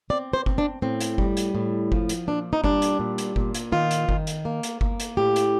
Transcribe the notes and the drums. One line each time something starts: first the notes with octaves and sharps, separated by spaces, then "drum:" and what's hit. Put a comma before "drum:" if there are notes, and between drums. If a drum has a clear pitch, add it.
C4 D5
C5
C4, drum: kick G1
D4
A2 C4
drum: hi-hat
G3, drum: kick G1
drum: hi-hat
A2
F3, drum: kick G1
drum: hi-hat
A#2 D4
D#4
G3 D4, drum: kick G1
drum: hi-hat
A#2
drum: hi-hat
A#2, drum: kick G1
drum: hi-hat
D#3 F4
drum: hi-hat
D#3, drum: kick G1
drum: hi-hat
A#3
drum: hi-hat
A#3, drum: kick G1
drum: hi-hat
A2 G4
drum: hi-hat